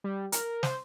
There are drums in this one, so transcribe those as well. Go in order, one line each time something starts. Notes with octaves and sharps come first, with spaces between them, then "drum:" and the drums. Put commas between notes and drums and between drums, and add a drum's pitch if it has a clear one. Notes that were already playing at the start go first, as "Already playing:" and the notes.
G3
A#4, drum: hi-hat
C5, drum: snare